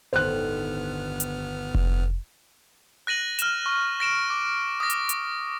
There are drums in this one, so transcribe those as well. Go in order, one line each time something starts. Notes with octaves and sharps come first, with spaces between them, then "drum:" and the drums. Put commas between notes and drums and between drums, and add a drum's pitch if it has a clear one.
G1 D#2 A2 D3 B3 C5 F6 F#6
drum: hi-hat
drum: kick F1
F#6 A#6 D#7 F#7
F6 E7, drum: hi-hat
C#6
A#6 D7 E7
D6
D#6 A#6
drum: hi-hat
drum: hi-hat